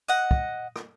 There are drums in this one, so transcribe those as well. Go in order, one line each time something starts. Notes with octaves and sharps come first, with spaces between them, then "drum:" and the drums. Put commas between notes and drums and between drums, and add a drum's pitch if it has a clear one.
D#5 F#5
drum: kick
drum: rim click